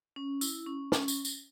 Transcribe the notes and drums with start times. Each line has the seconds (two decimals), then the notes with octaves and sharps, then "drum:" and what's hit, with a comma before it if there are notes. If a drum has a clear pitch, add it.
0.16 C#4
0.41 E4, drum: tambourine
0.67 C#4
0.92 C#4, drum: snare
1.08 drum: tambourine
1.25 drum: tambourine